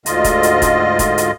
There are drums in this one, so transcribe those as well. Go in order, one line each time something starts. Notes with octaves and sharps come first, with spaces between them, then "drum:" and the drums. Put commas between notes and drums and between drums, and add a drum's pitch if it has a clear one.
D2 G#2 D3 F4 D#5, drum: hi-hat
drum: kick, hi-hat
drum: hi-hat
drum: kick, hi-hat
drum: kick, hi-hat
drum: hi-hat